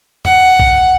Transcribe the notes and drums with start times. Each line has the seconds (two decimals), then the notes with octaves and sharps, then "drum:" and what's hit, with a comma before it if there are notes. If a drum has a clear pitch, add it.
0.25 F#5, drum: tom E2
0.59 drum: kick A#1